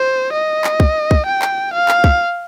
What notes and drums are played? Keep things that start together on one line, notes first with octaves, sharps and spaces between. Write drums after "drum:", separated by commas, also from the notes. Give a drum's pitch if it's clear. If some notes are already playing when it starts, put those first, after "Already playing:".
Already playing: C5
D#5
drum: clap
drum: kick
drum: kick
G5
drum: clap
F5
drum: clap
drum: kick